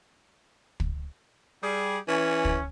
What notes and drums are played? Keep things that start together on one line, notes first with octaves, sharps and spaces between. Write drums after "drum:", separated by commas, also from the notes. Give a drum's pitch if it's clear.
drum: kick
G3 G#4
E3 C#4
drum: kick